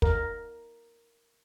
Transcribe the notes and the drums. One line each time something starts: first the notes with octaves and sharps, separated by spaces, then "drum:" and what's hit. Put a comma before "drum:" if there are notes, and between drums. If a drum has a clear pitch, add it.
A#4, drum: kick